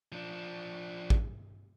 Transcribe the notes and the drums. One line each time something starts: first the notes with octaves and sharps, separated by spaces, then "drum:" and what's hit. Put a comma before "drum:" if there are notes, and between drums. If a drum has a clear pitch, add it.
F3 D4
drum: kick A1